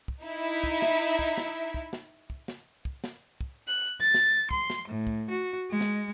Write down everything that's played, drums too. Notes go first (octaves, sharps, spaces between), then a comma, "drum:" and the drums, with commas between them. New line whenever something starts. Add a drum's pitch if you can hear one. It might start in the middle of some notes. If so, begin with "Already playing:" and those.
drum: kick
D#4 E4 E5
drum: kick
drum: snare
drum: kick
drum: snare
drum: kick
drum: snare
drum: kick
drum: snare
drum: kick
drum: snare
drum: kick
F#6
A6
drum: snare
C6, drum: kick
drum: snare
A2
drum: kick
F#4
G#3
drum: snare